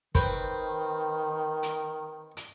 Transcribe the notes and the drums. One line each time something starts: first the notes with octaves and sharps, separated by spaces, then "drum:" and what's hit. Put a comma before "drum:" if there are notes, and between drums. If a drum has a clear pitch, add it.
D#3 C4 B4 C5, drum: kick, hi-hat
drum: hi-hat
drum: hi-hat